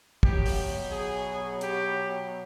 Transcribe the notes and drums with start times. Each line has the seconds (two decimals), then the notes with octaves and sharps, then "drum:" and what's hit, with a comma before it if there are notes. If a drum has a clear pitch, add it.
0.23 B2 F#3 G4, drum: kick
0.46 drum: open hi-hat
0.92 G#4
1.61 G4, drum: hi-hat